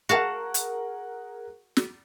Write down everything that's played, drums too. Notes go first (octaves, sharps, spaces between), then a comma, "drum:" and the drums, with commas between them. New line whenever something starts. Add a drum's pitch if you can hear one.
F#4 G#4 A#4 F5 F#5 A5
drum: hi-hat
drum: snare